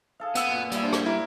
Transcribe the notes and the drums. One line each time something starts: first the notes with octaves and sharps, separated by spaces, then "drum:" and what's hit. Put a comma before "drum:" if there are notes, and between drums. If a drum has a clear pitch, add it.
G#4 A4 F5
B3 G#4 F#5 E6, drum: hi-hat
F#2 A#2
F#3 G3 E4, drum: hi-hat
D4 C5
drum: rim click
E4 A#4